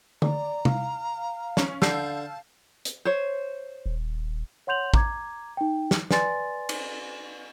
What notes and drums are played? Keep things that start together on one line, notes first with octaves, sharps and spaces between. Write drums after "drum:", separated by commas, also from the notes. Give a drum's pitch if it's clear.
D5 A#5, drum: tom D3
F5, drum: tom C3
C#4, drum: snare
D3 A5 E6 G6 C7, drum: snare
drum: hi-hat
C5 C#5
D#1
C#5 F#5 C6 G6 F7 F#7
A#5 D6 G#6, drum: kick
D#4 G5
drum: snare
B4 D5 G#5 C6 A6, drum: snare
drum: cymbal